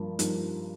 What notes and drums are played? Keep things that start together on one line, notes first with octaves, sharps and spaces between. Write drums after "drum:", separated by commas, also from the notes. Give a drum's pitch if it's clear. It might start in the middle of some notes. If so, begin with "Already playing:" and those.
Already playing: G2 F3 A#3
G2 F3 A#3 D#4, drum: hi-hat